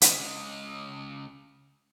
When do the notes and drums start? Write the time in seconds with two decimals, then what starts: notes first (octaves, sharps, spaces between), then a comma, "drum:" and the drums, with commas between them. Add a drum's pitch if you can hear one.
0.02 C#2 G#3, drum: hi-hat